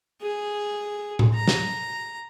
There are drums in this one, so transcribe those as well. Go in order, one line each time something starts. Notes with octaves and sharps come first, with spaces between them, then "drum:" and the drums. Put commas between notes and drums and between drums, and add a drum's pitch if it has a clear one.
G#4
drum: tom A2
A#5
drum: snare